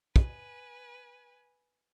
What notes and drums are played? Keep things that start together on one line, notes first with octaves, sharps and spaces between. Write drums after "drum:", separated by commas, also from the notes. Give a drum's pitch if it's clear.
B4 G#5, drum: kick